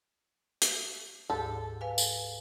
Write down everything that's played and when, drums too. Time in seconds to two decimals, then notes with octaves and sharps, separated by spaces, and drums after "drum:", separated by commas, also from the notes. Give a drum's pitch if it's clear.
0.62 drum: hi-hat
1.30 D2 G#2 G4 A4
1.81 B4 F5 G#5
1.98 drum: tambourine